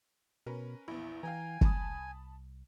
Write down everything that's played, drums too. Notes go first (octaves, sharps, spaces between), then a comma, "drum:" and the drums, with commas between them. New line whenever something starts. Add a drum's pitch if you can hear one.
B2 C#4 A#4 B4
A#1 E2 E4
E3 F5 G5 G#5 A#5
C2 A5 B5 D#6, drum: kick